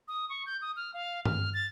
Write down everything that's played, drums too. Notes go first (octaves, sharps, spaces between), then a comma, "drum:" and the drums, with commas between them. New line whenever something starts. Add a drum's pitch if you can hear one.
D#6
C#6
G6
D#6
F6
F5
F6, drum: tom G2
A6